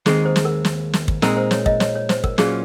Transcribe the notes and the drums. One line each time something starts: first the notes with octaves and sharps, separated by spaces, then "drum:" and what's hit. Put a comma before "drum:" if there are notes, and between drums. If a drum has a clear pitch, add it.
D#2 D#3 G#3 C4 D#4 G#4, drum: snare
C5
drum: snare
A#4
drum: snare
drum: snare
drum: kick
A#2 G#3 C4 D#4 A#4, drum: snare
C5
C#5, drum: snare
D#5, drum: kick
C#5, drum: snare
C#5
C5, drum: snare
A#4, drum: kick
A#2 F#3 C#4 F4 G#4, drum: snare